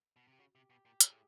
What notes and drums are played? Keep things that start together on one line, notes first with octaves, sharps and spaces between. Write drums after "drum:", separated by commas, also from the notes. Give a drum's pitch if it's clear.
B2
C3
G4
C#3 F#4
C3 G4
B2 G4
A#2 G4
A2 G#4, drum: hi-hat